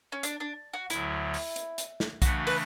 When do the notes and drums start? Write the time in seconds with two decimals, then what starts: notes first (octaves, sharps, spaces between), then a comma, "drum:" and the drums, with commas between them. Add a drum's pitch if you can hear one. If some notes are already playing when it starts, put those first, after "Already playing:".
0.12 C#4
0.23 D4, drum: hi-hat
0.40 D4
0.74 F#4
0.90 D2 D3 F#3 E4, drum: hi-hat
1.34 drum: open hi-hat
1.56 drum: hi-hat
1.78 drum: hi-hat
2.00 drum: snare
2.22 C#3 E3 A3 D4 F#4, drum: kick B1, hi-hat
2.47 B4, drum: open hi-hat